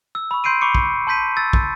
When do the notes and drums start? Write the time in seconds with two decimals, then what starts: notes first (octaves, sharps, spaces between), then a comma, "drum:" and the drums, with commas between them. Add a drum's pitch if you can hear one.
0.15 E6
0.31 B5 C#6
0.44 C6 G6 C7 D7 D#7
0.61 B5 C#6 D6 C#7
0.75 drum: kick
1.07 A5 C6 G6 B6 D#7
1.37 E6 A6
1.53 drum: kick